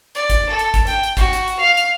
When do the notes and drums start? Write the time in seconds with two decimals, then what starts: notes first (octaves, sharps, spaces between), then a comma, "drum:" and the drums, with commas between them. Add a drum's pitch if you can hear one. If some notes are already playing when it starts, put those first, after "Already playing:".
0.15 D5, drum: hi-hat
0.30 drum: kick G#1, hi-hat
0.49 A4
0.59 drum: hi-hat
0.74 drum: kick G#1, hi-hat
0.87 G5, drum: hi-hat
1.03 drum: hi-hat
1.17 F#4, drum: kick G#1, hi-hat
1.33 drum: hi-hat
1.48 drum: hi-hat
1.59 F5
1.77 drum: hi-hat